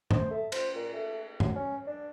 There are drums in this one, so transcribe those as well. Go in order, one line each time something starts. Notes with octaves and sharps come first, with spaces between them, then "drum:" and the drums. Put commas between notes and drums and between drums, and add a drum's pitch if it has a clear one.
C5, drum: tom G2
A3
C5, drum: cymbal
A#2
A3
F#3, drum: tom G2
C#4
D4